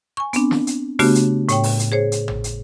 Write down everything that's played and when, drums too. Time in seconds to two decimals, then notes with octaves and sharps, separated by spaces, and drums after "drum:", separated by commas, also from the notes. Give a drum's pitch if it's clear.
0.17 G#5 C#6
0.33 B3 C4 D4, drum: hi-hat
0.51 drum: snare
0.67 drum: hi-hat
0.99 C#3 A3 B3 D4 F#4 G4, drum: open hi-hat
1.15 drum: hi-hat
1.49 A2 C#5 G5, drum: hi-hat
1.63 drum: open hi-hat
1.80 drum: hi-hat
1.92 G#4 C5 C#5
2.12 drum: hi-hat
2.28 drum: tom
2.44 drum: hi-hat